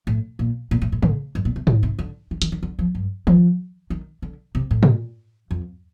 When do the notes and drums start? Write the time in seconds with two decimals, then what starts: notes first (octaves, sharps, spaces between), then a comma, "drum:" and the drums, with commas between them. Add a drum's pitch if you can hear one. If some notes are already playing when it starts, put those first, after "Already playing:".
0.07 A2
0.39 A#2
0.71 A#2
0.82 A2
0.92 A2
1.02 A2, drum: tom C#3
1.35 G2
1.45 A#2
1.56 C3
1.67 D3, drum: tom G#2
1.83 C3
1.99 D3
2.31 D#3
2.42 D#3, drum: hi-hat
2.52 D#3
2.63 D3
2.79 F3
2.95 G2
3.27 F3, drum: tom D#3
3.90 D#3
4.22 D3
4.55 C3
4.71 A2
4.83 drum: tom A#2
5.51 F2